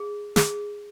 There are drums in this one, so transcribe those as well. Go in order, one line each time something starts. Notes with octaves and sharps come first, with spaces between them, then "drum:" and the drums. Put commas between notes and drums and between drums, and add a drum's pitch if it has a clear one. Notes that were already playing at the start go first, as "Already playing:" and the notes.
Already playing: G#4
G#4, drum: snare